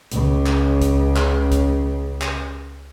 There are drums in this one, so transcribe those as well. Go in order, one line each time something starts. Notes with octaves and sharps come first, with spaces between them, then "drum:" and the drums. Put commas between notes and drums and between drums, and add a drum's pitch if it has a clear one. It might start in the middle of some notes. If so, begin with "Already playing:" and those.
C#2 C#3, drum: hi-hat
drum: clap
drum: kick, hi-hat
drum: clap
drum: kick, hi-hat
drum: clap